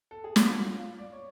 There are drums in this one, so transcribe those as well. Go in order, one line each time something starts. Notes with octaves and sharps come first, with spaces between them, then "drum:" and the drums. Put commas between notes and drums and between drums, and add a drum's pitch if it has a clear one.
A4
G#4
F#4, drum: snare
F4
F4
F4
D5
C#5